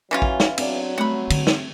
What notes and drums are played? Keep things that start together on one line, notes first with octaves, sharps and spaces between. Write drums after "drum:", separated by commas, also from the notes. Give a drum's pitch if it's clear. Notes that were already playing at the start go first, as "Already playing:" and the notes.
E3 F#3 C#4 F4
drum: kick
drum: snare
F#3 C4 D4 D5, drum: cymbal
G3 A3 C4 F#5 B5
D3, drum: cymbal
drum: snare